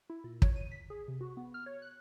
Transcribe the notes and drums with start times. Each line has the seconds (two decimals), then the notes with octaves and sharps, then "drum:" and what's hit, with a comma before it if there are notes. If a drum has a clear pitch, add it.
0.10 E4
0.24 A#2
0.42 C#5, drum: kick
0.56 D#7
0.72 B6
0.90 G#4
1.08 C3
1.21 F#4
1.37 B3
1.54 F6
1.66 C#5
1.82 F#6